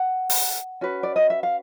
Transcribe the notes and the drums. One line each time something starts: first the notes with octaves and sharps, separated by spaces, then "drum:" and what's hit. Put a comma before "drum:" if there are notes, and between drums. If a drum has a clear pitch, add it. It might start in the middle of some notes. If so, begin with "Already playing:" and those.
Already playing: F#5
drum: open hi-hat
C#4 F#4 B4
D5
D#5
E5
F5